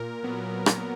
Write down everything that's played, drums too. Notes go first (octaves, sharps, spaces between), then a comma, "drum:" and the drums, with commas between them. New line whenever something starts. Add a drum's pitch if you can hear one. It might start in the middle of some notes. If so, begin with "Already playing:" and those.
Already playing: A#2 A#4
F#3 B3
A#2, drum: rim click